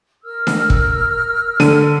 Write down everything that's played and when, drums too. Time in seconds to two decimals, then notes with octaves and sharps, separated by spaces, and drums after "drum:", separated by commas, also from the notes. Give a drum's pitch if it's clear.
0.24 A#4 E6 F6
0.47 drum: snare D4
0.70 drum: kick
1.60 D3 D#7, drum: snare D4